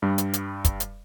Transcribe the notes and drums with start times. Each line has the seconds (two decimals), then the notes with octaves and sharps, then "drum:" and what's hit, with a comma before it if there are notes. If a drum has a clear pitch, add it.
0.02 G2 G3
0.18 drum: hi-hat
0.33 drum: hi-hat
0.65 drum: kick, hi-hat
0.80 drum: hi-hat